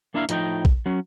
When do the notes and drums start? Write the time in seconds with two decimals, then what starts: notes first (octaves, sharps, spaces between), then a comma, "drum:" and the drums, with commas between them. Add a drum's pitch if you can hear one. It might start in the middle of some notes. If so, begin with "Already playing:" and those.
0.14 A#3 D4 E4 A#4 E5 F5
0.29 A2 F3 D#4 D#5 G5, drum: hi-hat
0.65 drum: kick
0.86 F#3 C#4